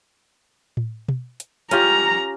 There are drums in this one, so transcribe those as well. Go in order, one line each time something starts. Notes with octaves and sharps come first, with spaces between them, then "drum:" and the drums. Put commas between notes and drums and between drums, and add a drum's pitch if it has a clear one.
drum: tom A2
drum: tom B2
drum: hi-hat
C#4 F4 G4 A#5, drum: hi-hat